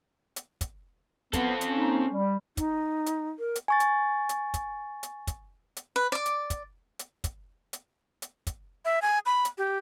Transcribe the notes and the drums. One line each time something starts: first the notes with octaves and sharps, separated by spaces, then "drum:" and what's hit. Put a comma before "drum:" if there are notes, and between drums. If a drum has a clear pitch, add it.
drum: hi-hat
drum: kick, hi-hat
B3 C4 A4, drum: kick, hi-hat
C#4, drum: hi-hat
A#3 D#4
G3
D#4, drum: kick, hi-hat
drum: hi-hat
A#4
drum: hi-hat
G#5 C#6 A6
drum: hi-hat
drum: hi-hat
drum: kick, hi-hat
drum: hi-hat
drum: kick, hi-hat
drum: hi-hat
B4
D5 D6
drum: hi-hat
drum: kick, hi-hat
drum: hi-hat
drum: kick, hi-hat
drum: hi-hat
drum: hi-hat
drum: kick, hi-hat
E5
G#5
B5
drum: hi-hat
G4